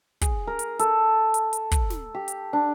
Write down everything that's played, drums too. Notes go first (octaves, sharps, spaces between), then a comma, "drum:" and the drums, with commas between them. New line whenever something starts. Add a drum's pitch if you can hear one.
G#4, drum: kick, hi-hat
A#4
drum: hi-hat
A4, drum: hi-hat
drum: hi-hat
drum: hi-hat
drum: kick, hi-hat
drum: snare
G4
drum: hi-hat
D4